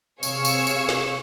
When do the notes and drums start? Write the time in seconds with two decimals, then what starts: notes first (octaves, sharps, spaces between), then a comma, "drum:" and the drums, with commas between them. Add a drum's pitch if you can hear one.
0.23 C3 G#4 C#5 F5 C#6 E6, drum: tambourine
0.45 drum: tambourine
0.67 drum: tambourine
0.89 drum: snare